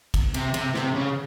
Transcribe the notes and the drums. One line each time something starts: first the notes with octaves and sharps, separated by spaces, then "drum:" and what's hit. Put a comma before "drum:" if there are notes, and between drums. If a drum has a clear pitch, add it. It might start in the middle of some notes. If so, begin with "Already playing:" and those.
drum: kick, cymbal
C3, drum: cymbal
C3, drum: cymbal
C3, drum: snare
C#3